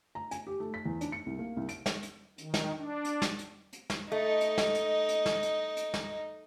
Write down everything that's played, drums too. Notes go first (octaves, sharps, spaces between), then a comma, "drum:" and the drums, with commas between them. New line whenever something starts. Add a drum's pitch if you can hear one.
A#5
G#5, drum: hi-hat
G4
A3
B6
E2
D4, drum: hi-hat
C#7
C2
A#3
C2
D7, drum: hi-hat
drum: snare
drum: hi-hat
D#3, drum: hi-hat
drum: snare
D4
drum: hi-hat
drum: snare
drum: hi-hat
drum: hi-hat
drum: snare
A3 D#4 D#5
drum: hi-hat
drum: snare
drum: hi-hat
drum: hi-hat
drum: snare
drum: hi-hat
drum: hi-hat
drum: snare